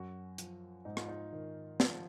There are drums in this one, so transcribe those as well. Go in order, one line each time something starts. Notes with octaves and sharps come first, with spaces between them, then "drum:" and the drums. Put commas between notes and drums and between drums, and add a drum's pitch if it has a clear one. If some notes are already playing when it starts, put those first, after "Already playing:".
Already playing: F#2 F#4
F3, drum: hi-hat
G#2 D#4
F4, drum: rim click
D#4
D#3
F3, drum: snare